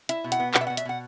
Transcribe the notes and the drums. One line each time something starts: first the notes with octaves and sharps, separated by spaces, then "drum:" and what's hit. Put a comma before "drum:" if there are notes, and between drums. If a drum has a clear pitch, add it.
E4 E5, drum: hi-hat
B2
F#5, drum: hi-hat
B3
B2 F#5, drum: clap
E5
F#5
B2
E5, drum: hi-hat
B2 F#5